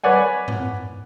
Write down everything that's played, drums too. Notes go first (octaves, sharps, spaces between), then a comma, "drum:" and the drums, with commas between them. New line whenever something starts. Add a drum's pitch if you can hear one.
B4 C#5 D5 F#5 G#5
drum: tom G#2